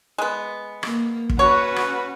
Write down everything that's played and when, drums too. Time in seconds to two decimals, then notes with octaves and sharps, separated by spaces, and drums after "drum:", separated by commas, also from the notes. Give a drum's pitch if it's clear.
0.18 G#3 B3
0.83 A#3, drum: rim click
1.30 drum: kick
1.39 C#4 F#4 B4 C#5
1.76 drum: rim click